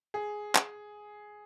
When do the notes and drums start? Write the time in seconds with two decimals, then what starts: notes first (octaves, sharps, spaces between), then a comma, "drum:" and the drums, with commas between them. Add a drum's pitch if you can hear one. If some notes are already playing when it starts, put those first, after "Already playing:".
0.14 G#4
0.55 drum: clap